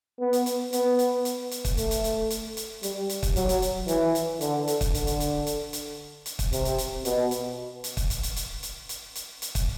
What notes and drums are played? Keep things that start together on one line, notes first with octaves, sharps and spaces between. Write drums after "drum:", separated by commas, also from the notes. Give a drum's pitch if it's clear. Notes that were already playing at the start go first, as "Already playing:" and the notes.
B3
drum: hi-hat
drum: hi-hat
B3, drum: hi-hat
drum: hi-hat
drum: hi-hat
drum: hi-hat
drum: kick, hi-hat
A3, drum: hi-hat
drum: hi-hat
drum: hi-hat
drum: hi-hat
drum: hi-hat
G3, drum: hi-hat
drum: hi-hat
drum: kick, hi-hat
F#3, drum: hi-hat
drum: hi-hat
drum: hi-hat
E3, drum: hi-hat
drum: hi-hat
D3, drum: hi-hat
drum: hi-hat
drum: kick, hi-hat
D3, drum: hi-hat
drum: hi-hat
drum: hi-hat
drum: hi-hat
drum: hi-hat
drum: hi-hat
drum: kick, hi-hat
C3, drum: hi-hat
drum: hi-hat
drum: hi-hat
B2, drum: hi-hat
drum: hi-hat
drum: hi-hat
drum: kick, hi-hat
drum: hi-hat
drum: hi-hat
drum: hi-hat
drum: hi-hat
drum: hi-hat
drum: hi-hat
drum: hi-hat
drum: kick, hi-hat